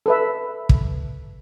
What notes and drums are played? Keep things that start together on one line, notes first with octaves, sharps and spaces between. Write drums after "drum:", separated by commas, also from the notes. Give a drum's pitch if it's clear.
A4 B4 E5
drum: kick